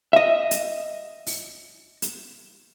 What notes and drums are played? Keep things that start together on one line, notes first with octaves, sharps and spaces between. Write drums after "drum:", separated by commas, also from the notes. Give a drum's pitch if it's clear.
D#5 E5
drum: hi-hat
drum: open hi-hat
drum: hi-hat